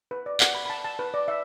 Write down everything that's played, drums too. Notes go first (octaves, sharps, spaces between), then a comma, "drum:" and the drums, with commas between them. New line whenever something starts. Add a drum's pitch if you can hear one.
B4
D5
F#5, drum: clap
B5
B5
A5
A5
B4
D5
E5